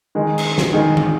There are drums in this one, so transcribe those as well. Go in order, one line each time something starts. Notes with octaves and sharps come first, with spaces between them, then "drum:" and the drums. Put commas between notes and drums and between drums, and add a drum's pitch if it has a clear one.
D#3 G#3 D#4
drum: cymbal
drum: snare
D#3 G#3 D#4
drum: tom